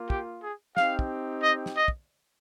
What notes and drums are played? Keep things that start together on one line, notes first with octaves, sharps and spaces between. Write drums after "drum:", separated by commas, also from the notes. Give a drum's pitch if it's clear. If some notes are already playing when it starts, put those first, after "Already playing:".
Already playing: A#3 F4
G4, drum: kick
G#4
C4 D#4 G4 F5, drum: snare
drum: kick
D#5
drum: snare
D#5
drum: kick